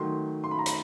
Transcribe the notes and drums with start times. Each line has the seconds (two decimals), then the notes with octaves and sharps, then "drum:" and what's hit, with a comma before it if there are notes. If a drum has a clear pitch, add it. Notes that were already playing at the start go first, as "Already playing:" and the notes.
Already playing: D#3 F#3 A3 C6
0.44 C6
0.51 B5
0.59 A#5
0.66 B5, drum: hi-hat